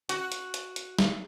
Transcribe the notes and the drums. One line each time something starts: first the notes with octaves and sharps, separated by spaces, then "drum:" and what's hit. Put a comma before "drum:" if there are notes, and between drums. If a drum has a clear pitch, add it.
F#4, drum: hi-hat
drum: hi-hat
drum: hi-hat
drum: hi-hat
drum: snare